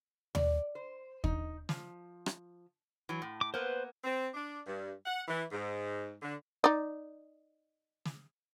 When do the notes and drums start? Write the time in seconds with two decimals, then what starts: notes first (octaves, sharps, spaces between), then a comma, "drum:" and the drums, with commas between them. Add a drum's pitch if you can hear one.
0.35 D5, drum: tom D#2
0.75 C5
1.24 D#4, drum: kick
1.69 F3, drum: snare
2.26 drum: rim click
3.09 E3 F#3
3.22 A2
3.41 D6
3.54 A#3 B3 B4 C5
4.04 C4
4.34 D4
4.66 G2
5.06 F#5
5.28 E3
5.51 G#2
6.22 D3
6.64 D#4 D5
8.05 drum: snare